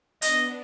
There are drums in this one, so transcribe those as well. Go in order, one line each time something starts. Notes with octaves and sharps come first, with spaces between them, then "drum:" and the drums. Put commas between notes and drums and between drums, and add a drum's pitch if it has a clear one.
B3 D4 D#5, drum: hi-hat